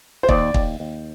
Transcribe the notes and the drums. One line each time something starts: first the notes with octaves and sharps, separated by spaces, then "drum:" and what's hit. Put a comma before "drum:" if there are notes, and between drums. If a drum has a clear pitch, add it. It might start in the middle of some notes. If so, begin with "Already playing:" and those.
C5
D#2 D5, drum: kick
D#2, drum: kick
D#2